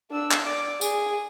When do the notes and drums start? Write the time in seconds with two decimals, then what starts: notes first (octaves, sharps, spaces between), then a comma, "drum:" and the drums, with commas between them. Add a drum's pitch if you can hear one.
0.11 D4 E6
0.31 drum: clap
0.43 D5 D6
0.81 G#4, drum: tambourine